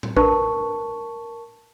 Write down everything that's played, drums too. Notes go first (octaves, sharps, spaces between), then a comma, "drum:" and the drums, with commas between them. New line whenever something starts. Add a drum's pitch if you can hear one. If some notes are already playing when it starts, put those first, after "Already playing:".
drum: tom A2
D4 A#4 B4 A5 C#6, drum: kick A1